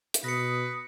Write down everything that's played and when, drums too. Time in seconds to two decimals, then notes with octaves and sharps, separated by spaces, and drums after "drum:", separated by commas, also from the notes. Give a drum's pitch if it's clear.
0.14 drum: hi-hat
0.24 B2 B4 D#6 A#6 C#7